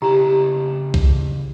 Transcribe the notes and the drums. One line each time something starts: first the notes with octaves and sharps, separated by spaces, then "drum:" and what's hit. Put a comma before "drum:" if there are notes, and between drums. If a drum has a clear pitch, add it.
C#3 D#4 E4 G4 A#5
drum: kick B1